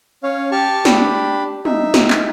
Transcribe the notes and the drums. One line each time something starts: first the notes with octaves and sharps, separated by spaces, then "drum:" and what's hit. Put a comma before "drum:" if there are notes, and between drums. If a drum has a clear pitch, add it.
C#4 C#5 F5
G4 A5 C#6 F6
D4 G4 B5, drum: snare
D#4 E5, drum: tom
drum: snare
drum: clap